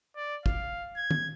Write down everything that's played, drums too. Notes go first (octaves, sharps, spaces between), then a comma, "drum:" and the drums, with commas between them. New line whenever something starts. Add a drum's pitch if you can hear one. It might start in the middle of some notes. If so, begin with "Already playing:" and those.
D5
F5, drum: kick
G#6
drum: tom